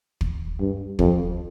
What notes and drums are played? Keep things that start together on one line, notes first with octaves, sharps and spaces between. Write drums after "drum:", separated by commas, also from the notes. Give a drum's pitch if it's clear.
drum: kick
G2
F2, drum: kick